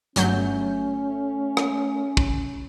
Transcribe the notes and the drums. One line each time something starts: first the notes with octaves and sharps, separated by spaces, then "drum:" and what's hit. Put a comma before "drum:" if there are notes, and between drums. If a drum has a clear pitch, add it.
G1 F#3 A3 C#4 G6, drum: hi-hat
drum: rim click
drum: kick